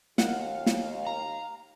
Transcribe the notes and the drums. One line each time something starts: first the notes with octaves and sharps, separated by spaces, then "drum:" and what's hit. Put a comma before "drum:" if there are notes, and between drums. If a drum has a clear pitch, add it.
D#2 F5 F#5, drum: snare
drum: snare
A#5